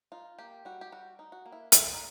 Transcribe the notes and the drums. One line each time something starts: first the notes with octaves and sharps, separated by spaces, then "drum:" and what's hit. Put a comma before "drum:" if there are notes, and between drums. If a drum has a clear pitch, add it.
D#4 F4
A#3 G4
G3 F#4
G4
G3 F#4
D#4
F#4
A#3
E4
G3 E4, drum: hi-hat
D#4